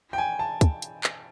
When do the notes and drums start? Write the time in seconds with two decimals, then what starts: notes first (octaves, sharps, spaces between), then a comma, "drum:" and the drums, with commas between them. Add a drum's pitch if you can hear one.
0.13 G5
0.18 G#5
0.39 A5
0.61 drum: kick, hi-hat
0.82 drum: hi-hat
1.04 drum: clap